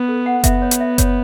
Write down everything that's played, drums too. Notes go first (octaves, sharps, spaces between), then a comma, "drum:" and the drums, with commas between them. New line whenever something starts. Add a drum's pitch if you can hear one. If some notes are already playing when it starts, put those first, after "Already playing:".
Already playing: B3
A4
F#5
B3 E5, drum: kick F#1, hi-hat
C#5
drum: hi-hat
E5
C#5, drum: kick F#1, hi-hat